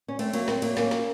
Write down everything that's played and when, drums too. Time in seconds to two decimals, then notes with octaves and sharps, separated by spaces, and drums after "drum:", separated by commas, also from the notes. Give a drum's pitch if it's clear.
0.08 C#4
0.19 A3 C4, drum: cymbal
0.33 F#3 A#3, drum: cymbal
0.48 A3 C4, drum: snare
0.62 F#3 A#3, drum: cymbal
0.77 A#3 C#4, drum: snare
0.91 drum: snare